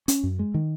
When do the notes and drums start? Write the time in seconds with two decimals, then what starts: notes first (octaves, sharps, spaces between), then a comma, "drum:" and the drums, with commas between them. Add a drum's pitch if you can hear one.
0.08 C#4, drum: hi-hat
0.23 F#2
0.39 G#3
0.54 D#3